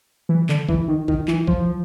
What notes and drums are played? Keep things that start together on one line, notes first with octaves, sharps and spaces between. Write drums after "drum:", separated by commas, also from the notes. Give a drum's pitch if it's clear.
E3
D3, drum: clap
E3, drum: kick
D#3
D#3, drum: kick
E3, drum: clap
F3, drum: kick